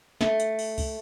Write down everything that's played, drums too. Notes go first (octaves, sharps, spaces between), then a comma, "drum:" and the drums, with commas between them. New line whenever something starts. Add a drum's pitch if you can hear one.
A3, drum: snare
drum: hi-hat
drum: open hi-hat
drum: kick C2, open hi-hat